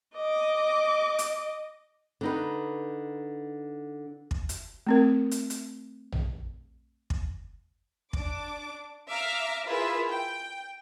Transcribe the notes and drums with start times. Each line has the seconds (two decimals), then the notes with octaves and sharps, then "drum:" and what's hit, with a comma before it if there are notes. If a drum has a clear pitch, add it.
0.16 D#5 D6
1.19 drum: hi-hat
2.21 D3 D#4 B4
4.31 drum: kick
4.49 drum: hi-hat
4.87 A3 C4 A#4
5.31 drum: hi-hat
5.50 drum: hi-hat
6.12 drum: tom A#1
7.10 drum: kick
8.13 D4 D6, drum: kick
9.09 E5 F5 A#5 D6 F6
9.67 E4 F4 G#4 A#4 B4 E5
10.10 G5